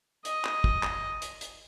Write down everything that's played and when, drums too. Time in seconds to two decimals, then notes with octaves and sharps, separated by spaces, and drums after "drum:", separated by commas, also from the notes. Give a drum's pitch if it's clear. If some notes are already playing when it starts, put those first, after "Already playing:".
0.25 D#5, drum: hi-hat
0.45 drum: clap
0.64 drum: kick
0.83 drum: clap
1.22 drum: hi-hat
1.41 drum: hi-hat